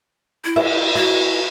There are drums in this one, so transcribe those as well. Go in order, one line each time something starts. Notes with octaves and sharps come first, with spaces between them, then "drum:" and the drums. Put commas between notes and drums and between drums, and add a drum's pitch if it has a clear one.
E4
E5, drum: cymbal
E4 F#4